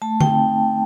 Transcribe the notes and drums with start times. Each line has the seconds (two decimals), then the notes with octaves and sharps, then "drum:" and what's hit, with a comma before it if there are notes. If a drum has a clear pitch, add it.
0.02 A3 A5
0.21 C4 D#4 G5, drum: tom D3